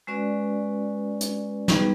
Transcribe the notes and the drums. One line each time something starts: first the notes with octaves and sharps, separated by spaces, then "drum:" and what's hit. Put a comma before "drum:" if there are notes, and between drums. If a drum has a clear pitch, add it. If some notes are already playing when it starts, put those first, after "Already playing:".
G#3 C#4 F#4 B4 D5
drum: hi-hat
G3 B3 D#4 G#4 B4, drum: snare